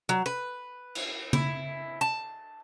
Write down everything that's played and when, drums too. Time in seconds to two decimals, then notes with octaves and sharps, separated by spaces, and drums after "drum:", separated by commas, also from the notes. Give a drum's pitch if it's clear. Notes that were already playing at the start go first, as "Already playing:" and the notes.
0.09 F#3
0.26 B4
0.95 drum: cymbal
1.33 E4, drum: tom C#3
2.01 A5